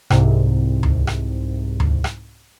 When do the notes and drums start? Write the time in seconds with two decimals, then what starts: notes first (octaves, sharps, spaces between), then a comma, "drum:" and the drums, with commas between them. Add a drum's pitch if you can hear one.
0.10 C2 G#2 C3, drum: rim click
0.83 drum: tom D2
1.07 drum: rim click
1.80 drum: tom D2
2.04 drum: rim click